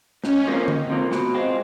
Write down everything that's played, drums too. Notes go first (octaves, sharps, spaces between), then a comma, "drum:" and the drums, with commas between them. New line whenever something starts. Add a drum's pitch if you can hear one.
C#2 C#4, drum: snare
C3 F3 A#3
C#2, drum: tom D3
C3 F3 A#3
B2, drum: snare
G#3 C4 F4